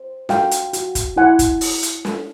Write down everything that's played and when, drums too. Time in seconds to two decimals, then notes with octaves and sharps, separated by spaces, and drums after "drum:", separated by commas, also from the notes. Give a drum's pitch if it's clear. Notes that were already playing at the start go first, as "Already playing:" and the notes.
Already playing: C5
0.29 F#4 F5 G5, drum: snare
0.51 drum: hi-hat
0.73 F#4, drum: hi-hat
0.95 drum: kick, hi-hat
1.16 E4 F#5 G#5
1.39 drum: kick, hi-hat
1.61 drum: open hi-hat
1.83 drum: hi-hat
2.05 drum: snare